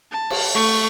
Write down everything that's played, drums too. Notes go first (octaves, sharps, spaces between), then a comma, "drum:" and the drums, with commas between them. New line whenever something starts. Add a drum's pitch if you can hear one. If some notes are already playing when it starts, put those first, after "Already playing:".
A5
drum: cymbal
A3 C#6